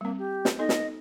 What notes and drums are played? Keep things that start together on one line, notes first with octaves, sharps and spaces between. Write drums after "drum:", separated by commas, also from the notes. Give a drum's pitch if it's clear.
G3 A#3 C4
G4
drum: snare
B3 D#4 A4 D#5
drum: snare